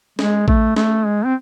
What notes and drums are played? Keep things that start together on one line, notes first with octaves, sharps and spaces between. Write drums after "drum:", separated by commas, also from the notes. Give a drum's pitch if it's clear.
G#3, drum: snare
A3, drum: kick A1
A3, drum: snare
G#3
C4